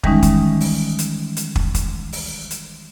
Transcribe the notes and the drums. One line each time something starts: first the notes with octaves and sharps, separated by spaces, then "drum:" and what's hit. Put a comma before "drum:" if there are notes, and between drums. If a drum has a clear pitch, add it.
D#3 E3 G3 G#3 C#4 D#4, drum: kick
drum: kick, hi-hat
drum: open hi-hat
drum: hi-hat
drum: hi-hat
drum: kick
drum: kick, hi-hat
drum: open hi-hat
drum: hi-hat